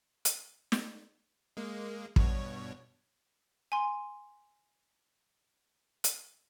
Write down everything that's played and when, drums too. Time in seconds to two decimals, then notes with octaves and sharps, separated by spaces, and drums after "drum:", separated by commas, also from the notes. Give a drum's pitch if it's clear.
0.25 drum: hi-hat
0.72 drum: snare
1.57 G#3 A#3
2.16 G2 B2 C#5, drum: kick
3.72 G#5 C6
6.04 drum: hi-hat